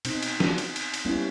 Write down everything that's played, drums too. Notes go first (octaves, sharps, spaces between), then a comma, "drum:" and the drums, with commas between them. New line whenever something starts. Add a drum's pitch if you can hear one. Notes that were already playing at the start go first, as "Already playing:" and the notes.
B2 C4 D#4, drum: cymbal
drum: cymbal
drum: snare
drum: cymbal
drum: cymbal
drum: cymbal
G3 A#3 B3 C#4 E4